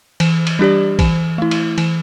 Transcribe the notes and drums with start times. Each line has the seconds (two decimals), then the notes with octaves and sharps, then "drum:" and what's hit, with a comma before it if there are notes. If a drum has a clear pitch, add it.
0.20 E3, drum: cymbal
0.47 drum: cymbal
0.59 G3 D4 G4 D5
0.99 E3, drum: kick A#1, cymbal
1.38 A3 E4
1.51 drum: cymbal
1.78 E3, drum: cymbal